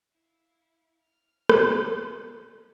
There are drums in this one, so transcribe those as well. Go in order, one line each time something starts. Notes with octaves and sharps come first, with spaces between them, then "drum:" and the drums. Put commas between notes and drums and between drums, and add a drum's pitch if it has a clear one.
E4 F5
F6
G4, drum: rim click
D#5 B6